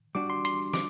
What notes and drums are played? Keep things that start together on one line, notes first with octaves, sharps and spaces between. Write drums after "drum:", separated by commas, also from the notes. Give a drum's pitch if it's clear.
G3 D4 F#4 D6
C6
C6, drum: hi-hat
D6, drum: snare